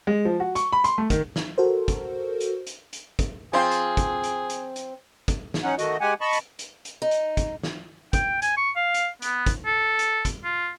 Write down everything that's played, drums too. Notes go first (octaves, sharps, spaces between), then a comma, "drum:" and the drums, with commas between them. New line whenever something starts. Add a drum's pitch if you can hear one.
G#3
F3
F#4
C#6, drum: hi-hat
B5
C6, drum: hi-hat
A3
D#3, drum: kick, hi-hat
drum: snare
F#4 A4 A#4 C5
drum: kick, hi-hat
drum: hi-hat
drum: hi-hat
drum: hi-hat
drum: kick, hi-hat
F3 C4 F4 G#4 C5
drum: hi-hat
drum: kick, hi-hat
drum: hi-hat
drum: hi-hat
drum: hi-hat
drum: kick, hi-hat
drum: snare
C#4 D#4 F#5
D#3 A3 F#4 D#5, drum: hi-hat
G#3 G4 F#5 G#5
D#5 A5 B5 C#6
drum: hi-hat
drum: hi-hat
drum: hi-hat
D#4
drum: hi-hat
drum: kick, hi-hat
drum: snare
G5, drum: kick, hi-hat
G#5, drum: hi-hat
C#6
F5
drum: hi-hat
B3, drum: hi-hat
drum: kick, hi-hat
A4
drum: hi-hat
drum: kick, hi-hat
F4